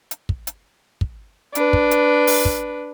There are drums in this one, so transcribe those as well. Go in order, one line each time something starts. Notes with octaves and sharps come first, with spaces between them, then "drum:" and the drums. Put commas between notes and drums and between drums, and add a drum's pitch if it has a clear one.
drum: hi-hat
drum: kick
drum: hi-hat
drum: kick
D4 B4, drum: hi-hat
drum: kick
drum: hi-hat
drum: open hi-hat
drum: kick